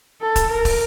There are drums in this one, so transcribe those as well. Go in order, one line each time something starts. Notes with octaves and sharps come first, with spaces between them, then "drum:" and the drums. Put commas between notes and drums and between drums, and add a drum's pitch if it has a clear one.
A4
drum: kick, hi-hat
A#4
drum: kick, open hi-hat